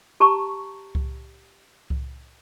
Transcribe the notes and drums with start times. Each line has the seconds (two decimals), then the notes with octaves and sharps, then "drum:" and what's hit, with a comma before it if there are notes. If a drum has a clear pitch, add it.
0.20 G4 A5 A#5 C#6
0.95 drum: kick C2
1.90 drum: kick C2